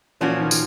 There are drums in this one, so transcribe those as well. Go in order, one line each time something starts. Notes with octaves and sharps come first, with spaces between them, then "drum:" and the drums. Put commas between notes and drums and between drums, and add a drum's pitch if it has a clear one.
A#2 E3 F3 A#3 C#4 F#4
D#3
drum: tambourine